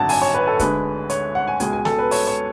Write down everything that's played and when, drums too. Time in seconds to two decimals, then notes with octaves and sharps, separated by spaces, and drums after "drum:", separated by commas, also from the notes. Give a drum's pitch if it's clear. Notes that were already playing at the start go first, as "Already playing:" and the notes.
Already playing: G#1 F#2 D3 F#5 A5
0.09 G#5, drum: open hi-hat
0.22 C#5
0.34 B4
0.47 A4
0.59 D2 D3 G#3 B4, drum: kick C#1, hi-hat
1.10 C#5, drum: hi-hat
1.35 F#5
1.48 G#5
1.60 C#2 B2 G#3 G#5, drum: hi-hat
1.73 G#5
1.85 A4, drum: snare
1.99 B4
2.11 C#5, drum: open hi-hat
2.27 C#5